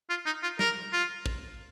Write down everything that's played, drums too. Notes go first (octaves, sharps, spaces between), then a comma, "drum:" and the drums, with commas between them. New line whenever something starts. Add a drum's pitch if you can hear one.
F4
D#4
F4
A#4, drum: snare
F4
drum: kick